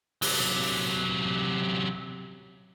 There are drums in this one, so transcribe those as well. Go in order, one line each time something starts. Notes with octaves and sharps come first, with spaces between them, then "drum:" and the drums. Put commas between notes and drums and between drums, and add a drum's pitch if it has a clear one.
C3 F#3, drum: open hi-hat